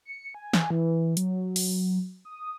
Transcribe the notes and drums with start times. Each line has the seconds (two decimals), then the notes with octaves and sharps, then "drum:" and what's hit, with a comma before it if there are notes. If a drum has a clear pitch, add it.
0.05 C#7
0.34 G#5
0.53 drum: snare
0.70 E3
1.17 F#3, drum: hi-hat
1.56 drum: open hi-hat
2.25 D#6